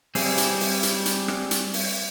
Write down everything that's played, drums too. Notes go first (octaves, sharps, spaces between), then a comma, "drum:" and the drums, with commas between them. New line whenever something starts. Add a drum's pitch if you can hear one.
G3 C4 G#4, drum: open hi-hat
drum: hi-hat
drum: open hi-hat
drum: hi-hat
drum: hi-hat
drum: rim click
drum: hi-hat
drum: open hi-hat